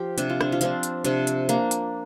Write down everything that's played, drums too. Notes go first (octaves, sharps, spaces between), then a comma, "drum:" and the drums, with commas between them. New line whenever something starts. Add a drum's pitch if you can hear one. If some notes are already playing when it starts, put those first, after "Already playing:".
Already playing: F3 F4 G4
C3 D4, drum: hi-hat
F4
D4, drum: rim click
F4
F3 C4 D4, drum: hi-hat
drum: hi-hat
C3 D4, drum: hi-hat
drum: hi-hat
A#3 D4, drum: hi-hat
drum: hi-hat